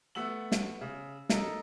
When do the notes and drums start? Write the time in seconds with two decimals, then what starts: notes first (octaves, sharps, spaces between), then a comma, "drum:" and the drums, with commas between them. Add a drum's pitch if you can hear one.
0.15 A3 B3 E6 F#7
0.52 drum: snare
0.81 C#3
1.29 D#4 A4 A#4, drum: snare